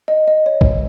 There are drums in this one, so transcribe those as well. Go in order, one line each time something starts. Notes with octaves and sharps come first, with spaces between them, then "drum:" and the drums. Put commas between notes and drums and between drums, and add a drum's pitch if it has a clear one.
D#5
D#5
C#5
drum: kick